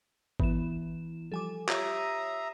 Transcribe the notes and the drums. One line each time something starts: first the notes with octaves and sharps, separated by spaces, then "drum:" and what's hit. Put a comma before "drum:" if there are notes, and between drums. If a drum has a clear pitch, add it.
E3 B3 E4 E7, drum: kick G#1
F3 G3 A4 G#5 D6
F4 G4 C#5 E5 A#5 D#6 C7, drum: clap